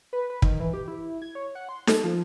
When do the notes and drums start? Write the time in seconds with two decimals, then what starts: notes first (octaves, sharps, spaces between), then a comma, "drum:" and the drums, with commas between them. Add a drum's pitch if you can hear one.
0.13 B4
0.30 B4
0.42 D#3, drum: kick
0.60 E3
0.73 G4
0.88 E4
1.22 G#6
1.35 C#5
1.55 F#5
1.69 C6
1.87 A4, drum: snare D#4
2.04 F3